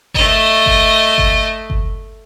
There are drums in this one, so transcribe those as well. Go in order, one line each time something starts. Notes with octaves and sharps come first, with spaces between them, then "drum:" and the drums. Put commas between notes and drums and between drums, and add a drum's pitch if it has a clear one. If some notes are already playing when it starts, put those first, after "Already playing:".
A3 D#5, drum: kick G1
drum: kick G1
drum: kick G1
drum: kick G1